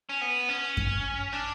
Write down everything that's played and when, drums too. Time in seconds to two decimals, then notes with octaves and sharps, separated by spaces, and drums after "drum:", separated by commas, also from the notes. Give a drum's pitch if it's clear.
0.09 C#4
0.21 B3
0.49 C#4
0.77 drum: kick F#2
1.33 D4